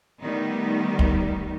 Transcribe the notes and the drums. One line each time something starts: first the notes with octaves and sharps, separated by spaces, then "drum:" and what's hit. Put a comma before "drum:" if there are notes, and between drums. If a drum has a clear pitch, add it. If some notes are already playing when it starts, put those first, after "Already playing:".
D#3 G3 A3 B3 D#4
drum: kick